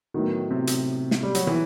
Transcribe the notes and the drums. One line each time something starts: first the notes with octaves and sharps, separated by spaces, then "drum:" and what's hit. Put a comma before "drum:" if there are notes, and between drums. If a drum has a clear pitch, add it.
A2 D#3 F#3 B3 D#4 F#4
C3
drum: hi-hat
drum: snare
G3
F#3, drum: hi-hat
E3, drum: tom